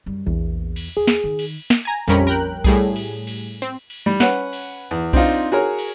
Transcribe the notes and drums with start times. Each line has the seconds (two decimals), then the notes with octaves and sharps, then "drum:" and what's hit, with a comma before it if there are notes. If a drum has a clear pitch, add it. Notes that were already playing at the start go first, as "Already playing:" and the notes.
0.06 F#2 G3
0.26 A#1 E2
0.76 drum: cymbal
0.97 E2 G#4
1.08 drum: snare
1.24 D#3
1.39 drum: cymbal
1.70 drum: snare
1.85 G#5 A#5
2.07 A#1 F2 G3 C#4 A#4 B5
2.27 A#4 G5 F#6
2.64 A2 G3 G#4, drum: kick B1, cymbal
2.96 drum: cymbal
3.27 drum: cymbal
3.62 C4
3.90 drum: cymbal
4.06 G3
4.20 C#4 B4 F#5, drum: snare
4.53 drum: cymbal
4.91 E2
5.13 C4 D4 D#4 F4, drum: kick B1, cymbal
5.52 F#4 G#4 A#4 C#5
5.78 drum: cymbal